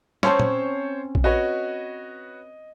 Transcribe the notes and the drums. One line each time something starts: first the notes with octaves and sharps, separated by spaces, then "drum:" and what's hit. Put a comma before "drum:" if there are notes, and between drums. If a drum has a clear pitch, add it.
C4 C#4 C5 C#5 A5 C6 C#6, drum: snare
drum: tom
drum: kick A#1
F#4 B4 C#5 D#5